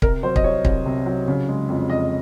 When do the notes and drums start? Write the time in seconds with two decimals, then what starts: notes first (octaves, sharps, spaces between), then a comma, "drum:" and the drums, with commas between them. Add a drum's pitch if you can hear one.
0.02 C3 A#4, drum: kick
0.23 F#3 C5
0.36 D#5, drum: kick
0.44 C2 C#5
0.65 C2, drum: kick
0.86 C3
1.06 F#3
1.28 C#3
1.48 G#3
1.69 F2
1.90 F2 D#5